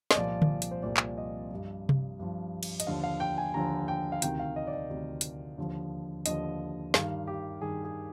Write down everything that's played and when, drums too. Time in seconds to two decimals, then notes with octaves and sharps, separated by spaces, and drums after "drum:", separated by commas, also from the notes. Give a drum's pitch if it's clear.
0.11 D#5, drum: snare
0.15 C2 A#2 F3 D5
0.42 drum: tom D3
0.62 drum: hi-hat
0.71 C5
0.82 C2 A#2 F3 D5
0.97 drum: clap
1.18 D#5
1.51 G2 F3
1.89 drum: tom C3
2.19 G2 F3
2.63 drum: cymbal
2.80 D#5, drum: hi-hat
2.87 D#2 D3 F3 F5
3.03 F5
3.20 G5
3.38 G#5
3.54 D#2 D3 F3 A#5
3.88 G5
4.12 F5
4.22 D2 C3 D#3 G5, drum: hi-hat
4.39 F5
4.56 D#5
4.67 D5
4.73 D#5
4.90 D2 C3 D#3
5.21 drum: hi-hat
5.58 D#2 D3 F3
6.26 D#2 D3 F3 D#5, drum: hi-hat
6.94 G2 D#3 F5, drum: snare
7.27 G4
7.62 G2 D#3 G#4
7.85 G#4